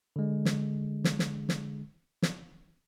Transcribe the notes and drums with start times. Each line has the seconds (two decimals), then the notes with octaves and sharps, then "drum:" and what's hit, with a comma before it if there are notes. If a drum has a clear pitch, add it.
0.16 D3 G#3
0.45 drum: snare
1.04 drum: snare
1.19 drum: snare
1.49 drum: snare
2.22 drum: snare